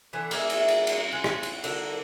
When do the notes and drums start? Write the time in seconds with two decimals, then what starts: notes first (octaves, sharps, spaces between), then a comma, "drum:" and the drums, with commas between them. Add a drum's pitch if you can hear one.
0.13 D3 E3 B3 D4
0.31 A#3 G#4 D5 E5, drum: cymbal
0.50 drum: cymbal
0.68 drum: cymbal
0.87 drum: cymbal
1.12 G#3
1.24 drum: rim click
1.43 drum: cymbal
1.64 D3 D4 A#4, drum: cymbal